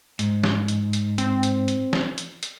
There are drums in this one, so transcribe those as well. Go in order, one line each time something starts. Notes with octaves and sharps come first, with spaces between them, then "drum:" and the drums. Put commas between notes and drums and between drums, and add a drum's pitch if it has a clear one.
G#2, drum: hi-hat
drum: snare
drum: hi-hat
drum: hi-hat
C4, drum: hi-hat
drum: hi-hat
drum: hi-hat
drum: snare
drum: hi-hat
drum: hi-hat